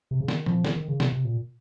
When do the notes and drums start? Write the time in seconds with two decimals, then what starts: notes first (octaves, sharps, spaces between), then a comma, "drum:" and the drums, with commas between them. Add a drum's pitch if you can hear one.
0.11 C3
0.21 C#3
0.28 D#3, drum: snare
0.46 F3, drum: tom A#2
0.65 D#3, drum: snare
0.76 D#3
0.88 C#3
1.00 C3, drum: snare
1.12 C3
1.25 A#2